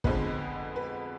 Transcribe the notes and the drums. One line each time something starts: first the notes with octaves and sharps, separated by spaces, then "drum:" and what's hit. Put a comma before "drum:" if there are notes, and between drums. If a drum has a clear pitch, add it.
F2 D3 F3 G#3 B3 B4, drum: kick
B4